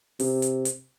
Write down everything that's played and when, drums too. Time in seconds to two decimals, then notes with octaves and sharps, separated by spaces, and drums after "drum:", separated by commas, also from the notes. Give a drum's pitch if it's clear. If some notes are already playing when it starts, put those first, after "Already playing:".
0.19 C3, drum: open hi-hat
0.42 drum: hi-hat
0.65 drum: hi-hat